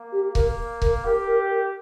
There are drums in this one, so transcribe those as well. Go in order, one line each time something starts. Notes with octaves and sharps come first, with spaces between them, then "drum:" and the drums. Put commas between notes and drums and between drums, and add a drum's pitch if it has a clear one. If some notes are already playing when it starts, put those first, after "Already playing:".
Already playing: A#3
G4
A#3 A#4, drum: kick C#1
A#4, drum: kick C#1
G4 A#4
A#4
A#4